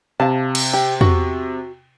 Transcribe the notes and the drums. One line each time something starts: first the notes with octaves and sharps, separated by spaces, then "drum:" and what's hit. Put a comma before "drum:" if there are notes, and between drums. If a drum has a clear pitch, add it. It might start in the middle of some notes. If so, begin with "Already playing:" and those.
C3 F5 A5
drum: cymbal
G4
F#4, drum: tom E2